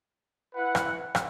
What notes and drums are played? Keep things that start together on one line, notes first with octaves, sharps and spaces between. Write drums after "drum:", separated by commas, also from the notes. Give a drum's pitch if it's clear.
E4 B4 F#5
drum: rim click
drum: rim click